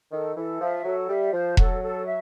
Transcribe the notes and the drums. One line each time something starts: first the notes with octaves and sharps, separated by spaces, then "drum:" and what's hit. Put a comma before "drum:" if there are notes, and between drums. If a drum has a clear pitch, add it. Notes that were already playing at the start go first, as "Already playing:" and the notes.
D#3 A4
E3 A4
F3 E5
F#3 A4
G3 E5
F3 C5
F#3 A4, drum: kick E1
A4
E5